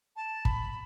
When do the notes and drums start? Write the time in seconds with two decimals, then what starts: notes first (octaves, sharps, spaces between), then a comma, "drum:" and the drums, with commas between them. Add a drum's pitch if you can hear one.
0.16 A5
0.45 B5, drum: kick